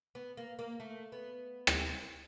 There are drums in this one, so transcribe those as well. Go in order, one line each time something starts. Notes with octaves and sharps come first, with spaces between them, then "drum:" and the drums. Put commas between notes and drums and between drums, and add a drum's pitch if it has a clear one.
B3
A#3
A#3
A3
B3
drum: rim click